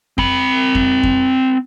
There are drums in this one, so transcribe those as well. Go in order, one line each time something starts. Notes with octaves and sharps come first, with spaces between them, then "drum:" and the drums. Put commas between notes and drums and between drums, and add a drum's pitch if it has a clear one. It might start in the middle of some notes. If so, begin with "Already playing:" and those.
C4 B5, drum: kick F2
drum: kick F2
drum: kick F2